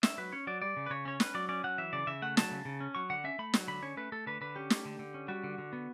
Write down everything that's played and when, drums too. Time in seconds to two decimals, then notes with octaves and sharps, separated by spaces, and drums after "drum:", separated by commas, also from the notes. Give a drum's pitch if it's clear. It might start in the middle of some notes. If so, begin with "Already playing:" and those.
0.03 C#4 E5, drum: snare
0.18 F#3 B4
0.32 C#4 C#5
0.47 F#3 D5
0.62 G3 D5
0.77 C#3
0.86 B4
0.90 C#3 C#5
1.05 C#4 C#5
1.20 C#4 B4, drum: snare
1.35 F#3 D5
1.49 C#4 D5
1.64 F#3 F#5
1.78 E3 E5
1.93 C#3 D5
2.07 C#3 E5
2.22 A3 F#5
2.37 F#3 A5, drum: snare
2.51 C#3
2.65 C#3
2.81 C#4
2.95 F#3 C#6
3.10 D3 F#5
3.24 C#4 E5
3.39 A3 B5
3.54 F#3, drum: snare
3.68 D3 B5
3.83 C#4 C#5
3.97 A3 B4
4.12 A3 A4
4.27 D3 B4
4.41 D3 B4
4.56 C#4 G4
4.70 A3, drum: snare
4.85 D3
4.99 D3
5.14 C#4
5.28 G3 F#4
5.44 D3
5.58 D3
5.73 B3